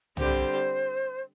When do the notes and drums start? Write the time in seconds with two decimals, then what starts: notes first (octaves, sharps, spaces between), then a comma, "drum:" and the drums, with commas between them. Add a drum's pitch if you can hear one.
0.17 D3 G3 C4 G4 C5, drum: tom